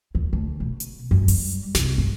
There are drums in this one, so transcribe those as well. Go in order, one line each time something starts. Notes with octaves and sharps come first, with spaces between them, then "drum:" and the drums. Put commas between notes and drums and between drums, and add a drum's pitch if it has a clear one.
D#2
D2
B2
drum: hi-hat
F#2
G3, drum: open hi-hat
C2, drum: snare
G1